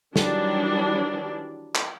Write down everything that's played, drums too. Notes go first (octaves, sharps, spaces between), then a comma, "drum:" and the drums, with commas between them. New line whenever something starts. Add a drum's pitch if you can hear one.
D#3 E3 F#3 G3 D4, drum: snare
drum: clap